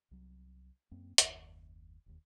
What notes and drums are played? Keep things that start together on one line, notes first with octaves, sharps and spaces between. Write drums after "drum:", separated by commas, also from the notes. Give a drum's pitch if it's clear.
C2 F#3
F#2 A#3 C4
F#1 D#2, drum: hi-hat
E1 D#2